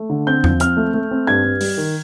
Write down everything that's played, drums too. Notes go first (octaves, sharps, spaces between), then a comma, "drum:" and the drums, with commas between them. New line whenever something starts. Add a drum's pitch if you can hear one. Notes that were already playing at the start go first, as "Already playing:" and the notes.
Already playing: A3
D3
C4 G6
F3, drum: tom E2
C4 F6, drum: hi-hat
A3
A3
C4
G2 G#6
G2
G3, drum: open hi-hat
D#3